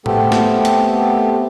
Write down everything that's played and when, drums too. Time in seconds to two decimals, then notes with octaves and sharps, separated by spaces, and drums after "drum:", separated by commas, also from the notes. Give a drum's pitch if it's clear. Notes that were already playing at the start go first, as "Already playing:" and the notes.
0.06 A3 B3 C4 G4 A4, drum: tom A2
0.32 drum: snare
0.65 drum: hi-hat